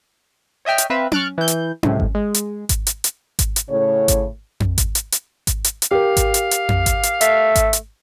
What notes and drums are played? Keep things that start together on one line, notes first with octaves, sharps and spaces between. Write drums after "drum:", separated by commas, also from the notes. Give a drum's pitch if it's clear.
C#5 D#5 E5 G5 F6
drum: hi-hat
C4 B4 E5 F5
C#6 F6 F#6 A6 D7, drum: tom C#4
E3 G6
drum: hi-hat
C#2 A2 C3, drum: tom C#4
drum: kick G#1
G#3
drum: hi-hat
drum: kick G#1, hi-hat
drum: hi-hat
drum: hi-hat
drum: kick G#1, hi-hat
drum: hi-hat
A2 C#3 C#5
drum: kick G#1, hi-hat
drum: tom F2
drum: kick G#1, hi-hat
drum: hi-hat
drum: hi-hat
drum: kick G#1, hi-hat
drum: hi-hat
drum: hi-hat
G4 A#4 F5
drum: kick G#1, hi-hat
drum: hi-hat
drum: hi-hat
drum: tom F2
drum: kick G#1, hi-hat
drum: hi-hat
A3, drum: hi-hat
drum: kick G#1, hi-hat
drum: hi-hat